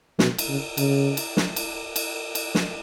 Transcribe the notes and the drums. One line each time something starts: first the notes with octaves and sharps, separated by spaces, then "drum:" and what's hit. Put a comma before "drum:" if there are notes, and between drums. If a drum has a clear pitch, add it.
B2, drum: snare
drum: cymbal
C#3
C#3, drum: cymbal
drum: cymbal
drum: snare
drum: cymbal
drum: cymbal
drum: cymbal
drum: snare